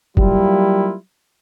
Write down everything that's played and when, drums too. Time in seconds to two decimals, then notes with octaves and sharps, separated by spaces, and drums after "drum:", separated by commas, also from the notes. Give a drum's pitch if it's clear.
0.17 F#3 G3 A#3 E4 F4, drum: kick